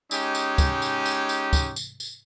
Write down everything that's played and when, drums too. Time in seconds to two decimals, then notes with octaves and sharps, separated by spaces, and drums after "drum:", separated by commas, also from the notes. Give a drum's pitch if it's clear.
0.11 G#3 C#4 D#4 G4, drum: tambourine
0.35 drum: tambourine
0.58 drum: kick, tambourine
0.82 drum: tambourine
1.06 drum: tambourine
1.29 drum: tambourine
1.53 drum: kick, tambourine
1.76 drum: tambourine
2.00 drum: tambourine